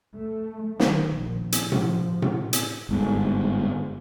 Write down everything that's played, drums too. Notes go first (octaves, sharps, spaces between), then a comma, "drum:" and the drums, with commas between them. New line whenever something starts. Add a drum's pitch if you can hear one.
A3
D#3, drum: snare
A#1
drum: hi-hat
F3, drum: tom A2
drum: tom A2
drum: hi-hat
G1 G#2